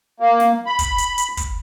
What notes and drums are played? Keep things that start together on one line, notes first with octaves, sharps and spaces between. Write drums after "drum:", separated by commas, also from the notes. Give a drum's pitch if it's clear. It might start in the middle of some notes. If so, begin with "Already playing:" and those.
A#3
drum: snare
B5
drum: kick, hi-hat
drum: hi-hat
drum: hi-hat
drum: kick, hi-hat